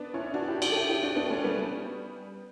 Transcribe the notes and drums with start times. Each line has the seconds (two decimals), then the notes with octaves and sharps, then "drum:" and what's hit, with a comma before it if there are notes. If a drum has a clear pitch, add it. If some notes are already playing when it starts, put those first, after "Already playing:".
Already playing: B3 D4
0.13 C#4 E4
0.24 E4
0.34 D4 F#4
0.48 E4 G4
0.62 D4 F#4, drum: cymbal
0.72 A4
0.75 E4 G4
0.89 E4 G4
1.03 D4 F#4
1.16 B3 D4
1.30 A3 C#4
1.44 G3 B3